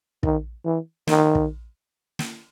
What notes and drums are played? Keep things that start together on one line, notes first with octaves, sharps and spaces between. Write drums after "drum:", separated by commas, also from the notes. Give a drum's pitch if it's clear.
D#3, drum: kick
E3
D#3, drum: snare
drum: kick
drum: snare